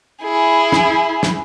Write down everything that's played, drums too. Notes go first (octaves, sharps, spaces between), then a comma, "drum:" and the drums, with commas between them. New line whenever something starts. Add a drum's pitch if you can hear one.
E4 G#4
drum: snare
drum: snare